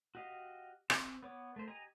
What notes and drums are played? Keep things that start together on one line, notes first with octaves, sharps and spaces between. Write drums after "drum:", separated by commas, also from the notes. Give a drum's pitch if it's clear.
F#4 G4 D#5 F5
C4, drum: rim click
B3 C#5 D6
A3 A#3 C5
G4 D#5 G#5 A#5